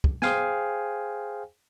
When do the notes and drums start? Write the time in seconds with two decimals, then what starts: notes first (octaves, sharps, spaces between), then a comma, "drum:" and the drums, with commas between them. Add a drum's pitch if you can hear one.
0.04 drum: kick
0.22 G#4 C5 F5 G5 G#5, drum: snare B3